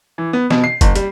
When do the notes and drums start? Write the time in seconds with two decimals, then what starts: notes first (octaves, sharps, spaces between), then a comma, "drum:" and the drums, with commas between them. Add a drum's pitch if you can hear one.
0.18 E3
0.33 B3
0.50 B2, drum: snare
0.64 C7
0.81 F#1, drum: kick, hi-hat
0.96 G3, drum: hi-hat